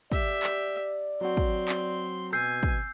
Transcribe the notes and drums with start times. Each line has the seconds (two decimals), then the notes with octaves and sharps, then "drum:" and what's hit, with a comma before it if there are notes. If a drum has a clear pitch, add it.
0.12 G4 D5 E5, drum: kick
0.43 drum: clap
1.21 F#3 C4 F#4 C6
1.37 drum: kick
1.69 drum: clap
2.33 B2 G#5 E6 G6 C7
2.63 drum: kick